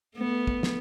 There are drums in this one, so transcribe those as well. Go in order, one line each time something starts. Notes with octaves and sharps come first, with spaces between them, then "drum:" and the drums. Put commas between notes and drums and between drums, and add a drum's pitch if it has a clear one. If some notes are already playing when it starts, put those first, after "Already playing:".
A3 B3
drum: kick
drum: snare